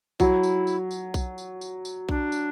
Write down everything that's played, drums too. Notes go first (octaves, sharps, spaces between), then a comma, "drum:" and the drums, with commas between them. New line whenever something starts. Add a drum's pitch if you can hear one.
F#3 E4, drum: kick B1, tambourine
drum: tambourine
drum: tambourine
drum: tambourine
drum: kick B1, tambourine
drum: tambourine
drum: tambourine
drum: tambourine
D4, drum: kick B1
drum: tambourine